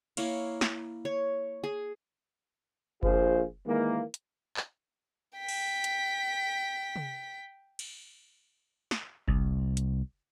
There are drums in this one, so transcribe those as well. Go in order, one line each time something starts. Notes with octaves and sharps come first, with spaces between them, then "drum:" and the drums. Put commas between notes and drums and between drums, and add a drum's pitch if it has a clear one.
A#3 E4 C#5 F5, drum: cymbal
drum: snare
C#5
G#4
A#1 F3 F4 G#4 C5, drum: kick F#1
D#3 E3 G#3 A#3
drum: hi-hat
drum: clap
G5 B6
drum: cymbal
drum: hi-hat
drum: tom
drum: cymbal
drum: snare
C2, drum: kick F#1
drum: hi-hat